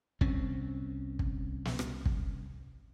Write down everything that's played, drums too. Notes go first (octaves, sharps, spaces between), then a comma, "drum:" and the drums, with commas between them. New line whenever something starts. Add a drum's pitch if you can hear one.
C2 C4 C#4, drum: kick
drum: kick
drum: snare
drum: rim click
drum: kick